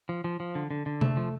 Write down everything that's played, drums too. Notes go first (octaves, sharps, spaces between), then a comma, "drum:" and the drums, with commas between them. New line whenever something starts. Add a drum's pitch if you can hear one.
F3
F3
F3
D3
D3
D3
A3, drum: tom C3
F3